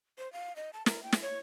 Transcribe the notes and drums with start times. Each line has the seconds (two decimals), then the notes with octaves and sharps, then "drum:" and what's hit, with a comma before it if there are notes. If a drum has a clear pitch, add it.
0.18 C5
0.33 F5
0.56 D#5
0.73 A5
0.86 A#4, drum: snare
1.03 G5
1.13 drum: snare
1.22 C#5